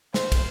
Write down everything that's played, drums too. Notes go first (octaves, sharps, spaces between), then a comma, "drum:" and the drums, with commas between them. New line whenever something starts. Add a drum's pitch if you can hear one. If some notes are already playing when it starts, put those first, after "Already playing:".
C5, drum: snare
drum: kick, cymbal